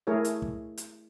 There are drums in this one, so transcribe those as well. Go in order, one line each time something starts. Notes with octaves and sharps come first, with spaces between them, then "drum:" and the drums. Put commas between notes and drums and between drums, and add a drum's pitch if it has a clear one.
A3 E4 G#4 A#4 C#5
drum: hi-hat
drum: kick
drum: hi-hat